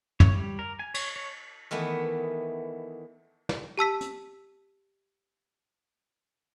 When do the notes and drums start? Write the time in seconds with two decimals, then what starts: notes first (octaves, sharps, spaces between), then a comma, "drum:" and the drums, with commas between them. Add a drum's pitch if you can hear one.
0.20 C#5, drum: tom
0.34 G3
0.59 A#4
0.79 G#5
0.94 C#5, drum: cymbal
1.16 C#5
1.71 D#3 E3 A3 B3
3.49 drum: snare
3.77 G4 A5 E6 B6
4.01 drum: hi-hat